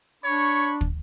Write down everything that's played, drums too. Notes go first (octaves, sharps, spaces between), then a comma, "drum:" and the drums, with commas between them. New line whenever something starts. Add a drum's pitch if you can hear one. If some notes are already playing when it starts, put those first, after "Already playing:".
D4 C#5 B5 C#6
drum: kick